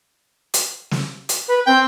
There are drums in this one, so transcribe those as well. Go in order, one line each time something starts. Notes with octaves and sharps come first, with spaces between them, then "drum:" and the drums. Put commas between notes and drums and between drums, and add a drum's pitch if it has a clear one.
drum: hi-hat
drum: snare
drum: hi-hat
B4
C4 G5